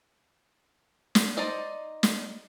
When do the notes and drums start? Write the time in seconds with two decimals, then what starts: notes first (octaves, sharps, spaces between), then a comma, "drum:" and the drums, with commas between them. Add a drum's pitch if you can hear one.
1.15 drum: snare
1.37 D#4 C5 D5 D#5
2.03 drum: snare